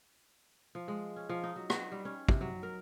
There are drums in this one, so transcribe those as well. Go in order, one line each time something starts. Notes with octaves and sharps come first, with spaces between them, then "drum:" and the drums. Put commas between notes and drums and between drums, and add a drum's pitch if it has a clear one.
F3
G#3
C#4
F3
D#4
F#3
F#4, drum: rim click
G3
C#4
C3, drum: kick
F#3
A#4